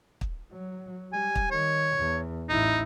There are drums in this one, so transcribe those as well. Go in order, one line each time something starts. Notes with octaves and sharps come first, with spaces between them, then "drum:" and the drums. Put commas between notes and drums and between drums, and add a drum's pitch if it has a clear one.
drum: kick
F#3
G3 G#5
drum: kick
D#3 C#5
E2
A1 D#4 E4